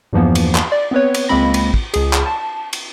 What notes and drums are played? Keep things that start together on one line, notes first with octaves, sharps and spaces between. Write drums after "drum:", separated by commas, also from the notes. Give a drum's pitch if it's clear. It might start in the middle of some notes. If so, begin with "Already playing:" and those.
E2 G2 E3 F3 A#3 B3
drum: cymbal
drum: clap
D5
B3 C4 B4 C#5
drum: cymbal
C#2 G#3 A#3 C4 B5 A#6
drum: cymbal
drum: kick
C#2 G#4, drum: cymbal
drum: clap
A5
drum: cymbal